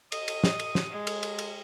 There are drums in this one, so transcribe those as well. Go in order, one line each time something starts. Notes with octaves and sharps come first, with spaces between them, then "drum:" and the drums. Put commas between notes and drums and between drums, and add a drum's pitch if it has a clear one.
D#5 D#6, drum: cymbal
drum: cymbal
drum: snare
drum: cymbal
drum: snare
G#3
drum: cymbal
drum: cymbal
drum: cymbal